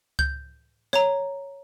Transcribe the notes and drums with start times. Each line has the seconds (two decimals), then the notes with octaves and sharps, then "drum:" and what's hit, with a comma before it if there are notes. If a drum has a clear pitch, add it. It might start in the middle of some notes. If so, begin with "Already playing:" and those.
0.19 G6, drum: kick C#2
0.93 C#5 A#5, drum: snare